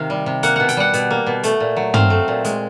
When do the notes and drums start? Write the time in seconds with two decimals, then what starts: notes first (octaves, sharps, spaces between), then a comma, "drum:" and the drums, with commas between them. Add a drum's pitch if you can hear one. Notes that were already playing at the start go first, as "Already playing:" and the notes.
Already playing: C3 D#3 F5
0.10 G3
0.26 C3
0.43 A#3 F#5, drum: hi-hat
0.56 B2 F#5
0.69 G5, drum: hi-hat
0.77 G3 F#5
0.94 B2, drum: hi-hat
1.11 A#3
1.27 B2
1.43 A3, drum: hi-hat
1.60 A#2
1.77 F#3
1.94 C4 F5, drum: tom
2.10 A3
2.28 A#2
2.45 G#3, drum: hi-hat